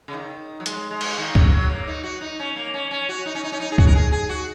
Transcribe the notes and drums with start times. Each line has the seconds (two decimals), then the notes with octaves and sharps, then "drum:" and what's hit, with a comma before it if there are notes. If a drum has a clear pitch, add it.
0.08 C#3
0.13 D#3
0.60 F#3
0.66 G#3, drum: hi-hat
0.91 G#3
1.01 drum: cymbal
1.18 D#3
1.35 F#3, drum: kick
1.52 F#3
1.70 A#3
1.87 D#4
2.03 F#4
2.21 D#4
2.39 C#4
2.56 A#3
2.74 C#4
2.91 C#4
3.09 F#4
3.26 D#4
3.35 C#4
3.43 D#4
3.52 C#4
3.60 D#4
3.72 G#4
3.78 F#4, drum: kick
3.87 A#4
3.95 G#4
4.12 G#4
4.29 F#4